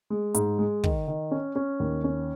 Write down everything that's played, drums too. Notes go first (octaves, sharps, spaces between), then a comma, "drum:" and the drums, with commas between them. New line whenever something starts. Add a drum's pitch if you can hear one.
G#3
G#2, drum: hi-hat
G#3
D#3, drum: kick
D#3
C#4
C#4
D#2
C#4